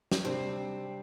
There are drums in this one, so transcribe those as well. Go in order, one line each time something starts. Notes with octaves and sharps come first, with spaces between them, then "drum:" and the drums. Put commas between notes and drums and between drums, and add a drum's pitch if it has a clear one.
drum: snare
C3 G3 C4 D4 G4